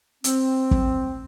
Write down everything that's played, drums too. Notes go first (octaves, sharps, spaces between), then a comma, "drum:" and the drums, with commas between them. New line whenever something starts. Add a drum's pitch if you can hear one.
C4, drum: hi-hat
drum: kick